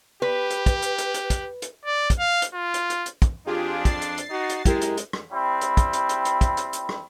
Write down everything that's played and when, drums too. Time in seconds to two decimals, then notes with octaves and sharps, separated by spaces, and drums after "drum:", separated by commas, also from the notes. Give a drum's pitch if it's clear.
0.22 G4 B4
0.50 drum: hi-hat
0.66 drum: kick, hi-hat
0.82 drum: hi-hat
0.98 drum: hi-hat
1.14 drum: hi-hat
1.30 drum: kick, hi-hat
1.62 drum: hi-hat
1.85 D5
2.10 drum: kick, hi-hat
2.19 F5
2.42 drum: hi-hat
2.54 F4
2.74 drum: hi-hat
2.90 drum: hi-hat
3.06 drum: hi-hat
3.22 drum: kick, hi-hat
3.47 F2 D4 F4 G4 G#4
3.85 A6 C7, drum: kick, hi-hat
4.02 drum: hi-hat
4.18 drum: hi-hat
4.30 D#4 F#4
4.50 drum: hi-hat
4.65 F#2 G#3 E4 G4 A#4, drum: kick, hi-hat
4.81 drum: hi-hat
4.97 drum: hi-hat
5.13 drum: rim click
5.33 G3 C4 E4 B5
5.61 drum: hi-hat
5.77 drum: kick, hi-hat
5.93 drum: hi-hat
6.09 drum: hi-hat
6.25 drum: hi-hat
6.41 drum: kick, hi-hat
6.57 drum: hi-hat
6.73 drum: hi-hat
6.89 drum: rim click